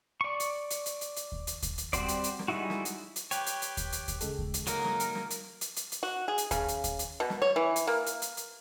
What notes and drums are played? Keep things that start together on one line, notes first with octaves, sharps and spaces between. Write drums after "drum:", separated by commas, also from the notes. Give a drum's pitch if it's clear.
D5 C#6
drum: hi-hat
drum: hi-hat
drum: hi-hat
drum: hi-hat
drum: hi-hat
drum: kick D2
drum: hi-hat
drum: kick D2, hi-hat
drum: hi-hat
G3 C4 F#4 C5 D5, drum: kick D2, hi-hat
drum: hi-hat
drum: hi-hat
drum: snare
G3 G#3 D#4 E4 F#4
drum: snare
drum: hi-hat
drum: hi-hat
G4 B4 C#5 G5, drum: hi-hat
drum: hi-hat
drum: hi-hat
drum: kick D2, hi-hat
drum: hi-hat
drum: kick D2, hi-hat
C#3 G#3 A4, drum: hi-hat
drum: kick D2
drum: hi-hat
F#3 A#3 D#4 A#4, drum: hi-hat
drum: snare
drum: hi-hat
drum: snare
drum: hi-hat
drum: hi-hat
drum: hi-hat
drum: hi-hat
F#4
G#4
drum: hi-hat
C#3, drum: kick D2, hi-hat
drum: hi-hat
drum: kick D2, hi-hat
drum: hi-hat
B2
drum: snare
C#5
E3
drum: hi-hat
A#3
drum: hi-hat
drum: hi-hat
drum: hi-hat